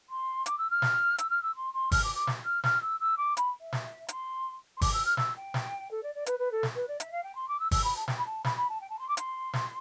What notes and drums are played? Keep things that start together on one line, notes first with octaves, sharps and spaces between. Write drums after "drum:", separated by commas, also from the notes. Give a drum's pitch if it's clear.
C6
D6, drum: hi-hat
E6
F6
drum: snare
E6, drum: hi-hat
F6
E6
C6
C6
F6, drum: kick, open hi-hat
D6
D6
drum: snare
F6
F6, drum: snare
E6
E6
D6
B5, drum: hi-hat
E5
drum: snare
C6, drum: hi-hat
C6
D6, drum: kick, open hi-hat
E6
F6
E6, drum: snare
G5
drum: snare
A4
D5
D5
B4, drum: hi-hat
B4
A4
drum: snare
B4
D5
E5, drum: hi-hat
F5
G5
C6
D6
E6
E6, drum: kick, open hi-hat
B5
A5
G5, drum: snare
B5
A5
B5, drum: snare
B5
A5
G5
A5
C6
D6
C6, drum: hi-hat
drum: snare